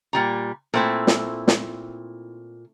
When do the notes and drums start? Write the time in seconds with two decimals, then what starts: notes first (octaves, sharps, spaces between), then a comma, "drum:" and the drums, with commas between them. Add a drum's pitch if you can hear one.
0.13 A#2 G3 A#5
0.74 A#2 A3 C4 E4
1.07 drum: snare
1.48 drum: snare